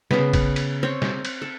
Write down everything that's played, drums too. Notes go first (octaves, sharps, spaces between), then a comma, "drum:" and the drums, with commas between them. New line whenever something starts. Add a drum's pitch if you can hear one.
C#3 B3, drum: snare
drum: kick A1, cymbal
drum: cymbal
C4 C#5
drum: snare
drum: cymbal
A4